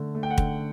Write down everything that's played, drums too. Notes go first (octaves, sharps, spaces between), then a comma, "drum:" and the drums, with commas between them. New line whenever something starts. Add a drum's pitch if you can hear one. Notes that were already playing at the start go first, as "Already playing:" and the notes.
Already playing: D3 A3
A3
G5
F#5
D3, drum: kick